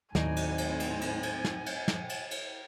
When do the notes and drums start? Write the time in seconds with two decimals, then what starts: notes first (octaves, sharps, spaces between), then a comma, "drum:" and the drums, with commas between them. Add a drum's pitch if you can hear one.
0.15 D#2 A2 F#3 C4 D#4 D5 G#5, drum: snare
0.36 drum: cymbal
0.58 drum: cymbal
0.80 drum: cymbal
1.01 drum: cymbal
1.23 drum: cymbal
1.45 drum: snare
1.66 drum: cymbal
1.88 drum: snare
2.09 drum: cymbal
2.31 drum: cymbal